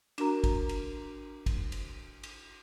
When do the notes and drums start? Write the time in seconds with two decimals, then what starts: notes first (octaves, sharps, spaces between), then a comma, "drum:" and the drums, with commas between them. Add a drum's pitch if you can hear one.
0.18 D4 F#4 A#4 A#5, drum: cymbal
0.44 drum: kick, cymbal
0.69 drum: cymbal
1.46 drum: kick, cymbal
1.72 drum: cymbal
2.23 drum: cymbal